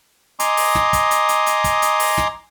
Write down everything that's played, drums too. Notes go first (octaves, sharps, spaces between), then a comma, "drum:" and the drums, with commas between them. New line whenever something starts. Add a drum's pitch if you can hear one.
D#5 G#5 A#5 C6 D6 D#6, drum: hi-hat
drum: open hi-hat
drum: snare
drum: kick, hi-hat
drum: hi-hat
drum: hi-hat
drum: hi-hat
drum: kick, hi-hat
drum: hi-hat
drum: open hi-hat
drum: snare